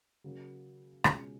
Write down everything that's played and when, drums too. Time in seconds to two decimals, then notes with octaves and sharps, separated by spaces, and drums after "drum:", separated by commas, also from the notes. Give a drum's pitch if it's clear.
0.24 C#3 F#3 A#3
1.04 C#2 B2 G#3 C#4, drum: rim click